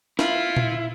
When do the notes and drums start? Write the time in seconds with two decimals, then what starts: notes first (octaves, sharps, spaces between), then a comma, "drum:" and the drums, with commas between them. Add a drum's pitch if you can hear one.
0.19 E4 F4, drum: snare
0.56 drum: tom A#2